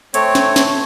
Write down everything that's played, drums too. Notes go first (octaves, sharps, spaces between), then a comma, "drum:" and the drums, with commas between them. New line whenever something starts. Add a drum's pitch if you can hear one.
A3 C4 C#5, drum: hi-hat
drum: snare
drum: snare